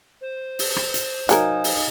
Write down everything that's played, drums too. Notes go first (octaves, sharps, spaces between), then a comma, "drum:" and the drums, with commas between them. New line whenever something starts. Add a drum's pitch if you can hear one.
C5
drum: open hi-hat
drum: rim click
drum: hi-hat
F#3 D#4 A4 A#4 F5 G#5, drum: hi-hat
drum: open hi-hat